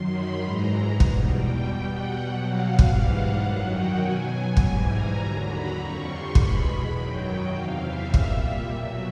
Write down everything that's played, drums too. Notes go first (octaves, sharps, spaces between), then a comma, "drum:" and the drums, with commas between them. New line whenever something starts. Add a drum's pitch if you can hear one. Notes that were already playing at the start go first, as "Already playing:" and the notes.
Already playing: F#2 D#3 F#3 C6
B5
G#2 E3 G#3 A#5
E2 B2 G3, drum: kick
G5
B2 G3
F#5
B2
F#3
F5
G#2 E3 G3, drum: kick
F#5
F#2 D#3 F#3
G5
B2 F#3 G#5
G#2 E3 G3, drum: kick
A#5
D#2 D3 F#3
B5
F2 D3 G3 C#6
C6
E2 B2 G#3 B5, drum: kick
F#2 D#3 F#3 G5
E2 C3 E3 F5
E5
A#2 G3, drum: kick
B2
F#3